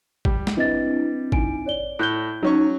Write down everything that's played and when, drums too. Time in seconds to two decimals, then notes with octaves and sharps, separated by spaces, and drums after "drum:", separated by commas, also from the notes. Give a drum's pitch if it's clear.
0.25 G3, drum: kick G#1
0.47 drum: snare
0.57 C4 D4 E4 B4 D#5 A6
1.32 D#4 G#5 D7, drum: kick G#1
1.66 C#5 D5 G7
1.99 A2 F#6 G6 G7
2.43 F#3 C#4 D#4 C#6